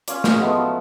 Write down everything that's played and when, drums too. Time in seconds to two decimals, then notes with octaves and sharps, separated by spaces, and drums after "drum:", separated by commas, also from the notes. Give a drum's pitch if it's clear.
0.08 C#4 F4 D5, drum: hi-hat
0.24 G#3 D#4, drum: snare
0.39 F3 F#3 A3 B3
0.55 A5